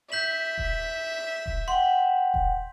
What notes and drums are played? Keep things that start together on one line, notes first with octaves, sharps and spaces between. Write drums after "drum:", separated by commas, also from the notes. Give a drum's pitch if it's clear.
E5 G6 B6 F#7
drum: kick D#1
drum: kick D#1
F#5 G5 C6
drum: kick D#1